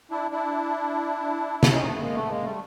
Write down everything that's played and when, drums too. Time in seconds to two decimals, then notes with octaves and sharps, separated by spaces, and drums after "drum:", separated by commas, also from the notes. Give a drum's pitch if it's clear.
0.11 D4 E4
0.31 D4 E4
1.63 D4, drum: snare
1.70 C#4 D#4
1.78 C4
1.85 A3 B3
1.96 A3
2.00 G#3 A#3
2.15 A3 B3
2.25 B3
2.29 G#3 A#3
2.44 G3 A3